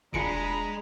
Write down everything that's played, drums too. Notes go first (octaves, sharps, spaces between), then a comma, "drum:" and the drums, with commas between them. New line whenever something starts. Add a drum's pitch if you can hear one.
G#3 D4 F4 G#4 A#5 B5 C#7 D7, drum: kick E1